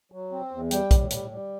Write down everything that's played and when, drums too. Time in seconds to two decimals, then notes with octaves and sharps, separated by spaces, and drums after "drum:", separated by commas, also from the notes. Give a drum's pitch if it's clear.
0.12 F#3
0.32 C4
0.51 E2
0.71 G3 G5, drum: hi-hat
0.91 A2, drum: kick, hi-hat
1.11 G3, drum: hi-hat
1.30 G3